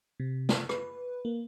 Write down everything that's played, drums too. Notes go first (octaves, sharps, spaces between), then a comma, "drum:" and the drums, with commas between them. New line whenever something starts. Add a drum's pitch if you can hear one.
C3
drum: snare
B4, drum: rim click
A#3